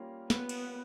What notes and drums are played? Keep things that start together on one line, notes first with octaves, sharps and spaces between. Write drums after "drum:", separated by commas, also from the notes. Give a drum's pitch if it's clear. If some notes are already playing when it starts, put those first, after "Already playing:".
Already playing: G3 A#3 C#4 F4 A#4
B3, drum: snare
drum: cymbal